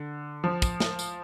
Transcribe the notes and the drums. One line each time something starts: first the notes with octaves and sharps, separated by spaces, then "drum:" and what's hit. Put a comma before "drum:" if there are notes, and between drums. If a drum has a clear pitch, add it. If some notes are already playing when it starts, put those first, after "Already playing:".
Already playing: D3
F3
drum: kick, tambourine
drum: snare
drum: tambourine